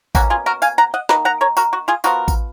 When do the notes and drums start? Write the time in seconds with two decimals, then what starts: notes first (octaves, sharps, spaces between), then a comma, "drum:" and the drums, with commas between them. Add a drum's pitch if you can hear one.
0.15 B2 A#3 C#4 F#4, drum: kick A1, tambourine
0.30 F4 G#4
0.46 F#4 A#4
0.62 F5 G#5, drum: tambourine
0.78 F#5 A#5
0.94 D#5 F#5
1.09 D#3 A#3 D#4 B4 D#5, drum: snare
1.25 F#5 A#5
1.41 A#4 C#5
1.57 F#4 A#4, drum: tambourine
1.73 F#4
1.88 F4 G#4
2.04 F3 B3 F4 F#4 A#4, drum: tambourine
2.28 drum: kick A1, tambourine